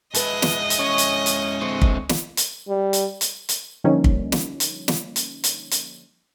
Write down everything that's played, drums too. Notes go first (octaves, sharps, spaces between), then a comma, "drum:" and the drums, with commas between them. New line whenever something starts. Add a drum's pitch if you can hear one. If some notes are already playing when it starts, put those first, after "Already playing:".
G#3 E4 B4 D#5 A5, drum: hi-hat
drum: snare
drum: hi-hat
C#4 C#5 C#6
drum: hi-hat
drum: hi-hat
D3 C4 C#5
drum: kick
drum: snare
drum: hi-hat
G3
drum: hi-hat
drum: hi-hat
drum: hi-hat
D3 F3 G3 A#3 C#4 D#4
drum: kick
drum: snare
drum: hi-hat
drum: snare
drum: hi-hat
drum: hi-hat
drum: hi-hat